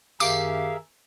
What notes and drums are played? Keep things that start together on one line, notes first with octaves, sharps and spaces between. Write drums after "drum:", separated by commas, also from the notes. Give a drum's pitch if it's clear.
F#2 D#3 G4 G#4 A#4 E5 F5 D6, drum: tambourine